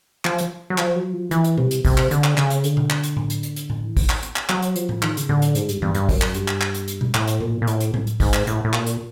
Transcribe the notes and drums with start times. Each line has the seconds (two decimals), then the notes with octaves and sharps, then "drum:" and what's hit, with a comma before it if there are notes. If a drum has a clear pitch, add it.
0.25 F3, drum: clap
0.38 drum: hi-hat
0.70 F#3
0.78 F3, drum: clap
0.96 F#3
1.13 F3
1.31 E3, drum: hi-hat
1.44 drum: hi-hat
1.58 C3, drum: tom B2
1.71 drum: hi-hat
1.85 C3, drum: kick, open hi-hat
1.97 drum: clap
2.11 D3, drum: hi-hat
2.24 drum: clap
2.37 C#3, drum: clap
2.50 drum: hi-hat
2.64 D3, drum: hi-hat
2.77 drum: tom B2
2.90 drum: clap
3.03 drum: hi-hat
3.17 drum: tom A2
3.30 drum: hi-hat
3.43 drum: hi-hat
3.56 drum: hi-hat
3.70 drum: tom A2
3.84 E3
3.97 D#3, drum: kick, open hi-hat
4.09 drum: clap
4.23 drum: hi-hat
4.36 drum: clap
4.49 F#3, drum: clap
4.62 drum: hi-hat
4.76 F3, drum: hi-hat
4.89 drum: tom A2
5.02 D#3, drum: clap
5.17 C#3, drum: hi-hat
5.29 D3, drum: tom A2
5.42 drum: hi-hat
5.55 G#2, drum: hi-hat
5.69 G2, drum: hi-hat
5.82 G2, drum: tom E3
5.95 G2, drum: hi-hat
6.09 F#2, drum: kick, open hi-hat
6.21 drum: clap
6.34 G2, drum: hi-hat
6.48 drum: clap
6.61 drum: clap
6.74 drum: hi-hat
6.88 drum: hi-hat
7.01 drum: tom B2
7.14 A2, drum: clap
7.27 drum: hi-hat
7.41 A#2, drum: tom A2
7.62 A#2
7.67 A2, drum: hi-hat
7.80 drum: hi-hat
7.94 drum: tom A2
8.07 drum: hi-hat
8.20 G#2, drum: kick, open hi-hat
8.34 drum: clap
8.47 A2, drum: hi-hat
8.65 A2
8.73 A#2, drum: clap
8.87 drum: hi-hat